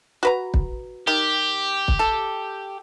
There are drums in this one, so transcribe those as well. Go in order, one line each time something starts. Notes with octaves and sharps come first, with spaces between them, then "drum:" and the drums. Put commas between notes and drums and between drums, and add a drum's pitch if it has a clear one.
F#4 B4 A#5
drum: kick
D#3 G4
drum: kick
A4